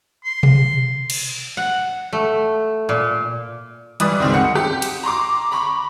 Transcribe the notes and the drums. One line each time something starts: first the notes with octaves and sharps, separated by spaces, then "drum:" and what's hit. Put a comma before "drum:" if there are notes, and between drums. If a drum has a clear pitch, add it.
C6
drum: tom B2
drum: cymbal
F#5
A3
A#2
E3 G3 B4 D5 D#6 F#6, drum: hi-hat
C#2 G#2 D#3 C4
F#2 F#5 C#7
G4, drum: rim click
drum: cymbal
A#5 C6 D6
A#5 B5 C#6 D6